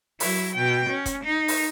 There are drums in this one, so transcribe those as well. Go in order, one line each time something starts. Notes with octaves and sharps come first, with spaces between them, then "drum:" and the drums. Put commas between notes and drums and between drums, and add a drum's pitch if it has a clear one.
F#3 E4, drum: open hi-hat
B2 G5
C#4
drum: kick, hi-hat
D#4
drum: open hi-hat